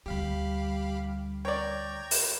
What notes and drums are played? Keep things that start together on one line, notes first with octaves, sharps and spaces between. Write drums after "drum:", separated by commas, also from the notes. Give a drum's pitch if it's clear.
D2 G3 G4 F5 B5
C#5 D5 G5 A#5 G#6
drum: open hi-hat